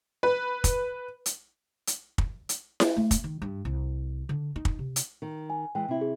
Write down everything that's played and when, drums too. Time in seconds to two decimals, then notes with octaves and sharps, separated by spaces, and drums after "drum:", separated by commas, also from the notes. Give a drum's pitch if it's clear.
0.23 B4
0.64 drum: kick, hi-hat
1.26 drum: hi-hat
1.87 drum: hi-hat
2.18 drum: kick
2.49 drum: hi-hat
2.80 drum: snare E4
2.96 A3
3.11 drum: kick, hi-hat
3.24 D#3
3.42 G2
3.65 C2
4.29 D3
4.56 D#4
4.65 drum: kick
4.79 C3
4.96 drum: hi-hat
5.22 D#3
5.50 G#5
5.75 E3 G#3 G5
5.88 C3 E4
6.01 G#4